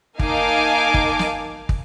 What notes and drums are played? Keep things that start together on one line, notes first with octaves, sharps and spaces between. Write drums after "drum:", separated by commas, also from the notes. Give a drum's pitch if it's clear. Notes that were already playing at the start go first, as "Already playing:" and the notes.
A#3 D#4 F5 G#5 A5 D6, drum: kick
drum: kick
drum: snare
drum: kick